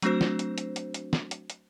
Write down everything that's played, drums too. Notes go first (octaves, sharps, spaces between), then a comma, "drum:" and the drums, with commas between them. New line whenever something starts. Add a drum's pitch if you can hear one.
F#3 A3 C4 D4 F#4 C5, drum: hi-hat
drum: snare
drum: hi-hat
drum: hi-hat
drum: hi-hat
drum: hi-hat
drum: snare
drum: hi-hat
drum: hi-hat